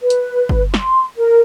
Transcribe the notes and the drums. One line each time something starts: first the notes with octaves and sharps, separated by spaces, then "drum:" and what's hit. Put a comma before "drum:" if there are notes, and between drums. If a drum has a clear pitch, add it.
B4
drum: hi-hat
drum: kick
C6, drum: snare
A#4